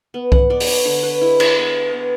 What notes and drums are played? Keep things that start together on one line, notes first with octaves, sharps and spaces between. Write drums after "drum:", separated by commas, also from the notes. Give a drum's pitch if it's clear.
B3
F#5, drum: kick C2
B3 D5
D5, drum: open hi-hat
C#5
D3 C#5
B4
G#3 E4
E4, drum: cymbal
B3
B3